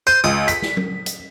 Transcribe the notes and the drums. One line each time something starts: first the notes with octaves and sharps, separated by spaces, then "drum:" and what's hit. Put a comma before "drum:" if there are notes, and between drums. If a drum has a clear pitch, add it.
C5 D#7
C#2 D#6
B6, drum: hi-hat
drum: snare
drum: tom
drum: hi-hat